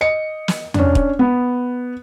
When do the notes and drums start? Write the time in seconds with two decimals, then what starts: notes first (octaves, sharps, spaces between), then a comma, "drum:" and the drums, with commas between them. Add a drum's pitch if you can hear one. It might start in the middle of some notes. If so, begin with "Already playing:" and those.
0.01 D#5 C#7
0.48 drum: snare
0.74 C#4 D4, drum: tom E2
0.95 drum: kick
1.19 B3